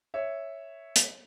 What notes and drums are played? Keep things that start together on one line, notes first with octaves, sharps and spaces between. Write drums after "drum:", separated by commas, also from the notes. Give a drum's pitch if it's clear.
C#5 E5
drum: hi-hat